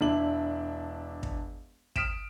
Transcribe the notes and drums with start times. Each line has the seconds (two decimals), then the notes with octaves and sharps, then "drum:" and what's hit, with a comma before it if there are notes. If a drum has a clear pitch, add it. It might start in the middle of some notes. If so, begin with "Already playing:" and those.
0.01 E1 D4 E4 F#7
1.23 drum: kick
1.96 D#6 F6 B6 D7 E7, drum: kick